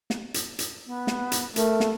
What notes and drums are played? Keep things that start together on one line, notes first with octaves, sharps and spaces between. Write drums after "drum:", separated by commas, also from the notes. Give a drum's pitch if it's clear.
drum: snare
drum: hi-hat
drum: hi-hat
B3
drum: snare
drum: hi-hat
A3 A#4, drum: hi-hat
drum: snare